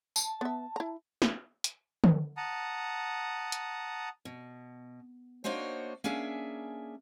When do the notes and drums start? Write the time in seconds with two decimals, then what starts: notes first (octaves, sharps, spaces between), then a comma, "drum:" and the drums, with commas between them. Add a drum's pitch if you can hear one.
0.16 A5, drum: tambourine
0.41 B3 E5
0.76 E4 A#5
1.22 drum: snare
1.64 drum: hi-hat
2.04 drum: tom D3
2.37 F#5 A5 A#5 D#6
3.52 drum: hi-hat
4.25 B2
5.44 A#3 D4 D#4 F#4 C5 C#5
6.04 A#3 C#4 D4 G#4 E5